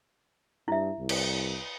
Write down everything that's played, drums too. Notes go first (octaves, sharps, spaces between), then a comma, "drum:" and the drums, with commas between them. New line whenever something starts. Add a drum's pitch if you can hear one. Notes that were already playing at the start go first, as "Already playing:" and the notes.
G2 E4 E5
C2
drum: cymbal